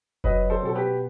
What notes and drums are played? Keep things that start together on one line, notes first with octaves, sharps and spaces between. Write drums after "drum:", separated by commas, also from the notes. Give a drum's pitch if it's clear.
F#3 B4 D#5, drum: kick F1
F#3
A4 C5
B2 A4
G4 B4
B2